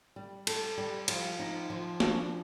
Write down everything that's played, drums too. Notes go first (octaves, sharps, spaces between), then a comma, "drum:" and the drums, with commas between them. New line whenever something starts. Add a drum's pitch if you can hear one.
G3
A4, drum: cymbal
G3
F3, drum: cymbal
D#4
F3
D4, drum: snare